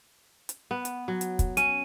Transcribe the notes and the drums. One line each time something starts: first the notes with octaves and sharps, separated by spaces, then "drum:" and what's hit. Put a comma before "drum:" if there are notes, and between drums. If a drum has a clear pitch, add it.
drum: hi-hat
B3
drum: hi-hat
F#3
drum: hi-hat
drum: kick, hi-hat
C#4 D#7, drum: hi-hat